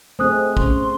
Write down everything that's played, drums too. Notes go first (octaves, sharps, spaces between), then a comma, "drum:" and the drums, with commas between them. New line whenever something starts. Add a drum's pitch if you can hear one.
A3 C4 G#4 C5 D#5 G#5 D#6 F#6
C#4 C6, drum: kick A#1